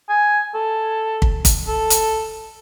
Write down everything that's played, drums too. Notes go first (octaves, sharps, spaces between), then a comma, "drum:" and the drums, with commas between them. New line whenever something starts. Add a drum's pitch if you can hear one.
G#5
A4
drum: kick
drum: kick, hi-hat
A4
drum: hi-hat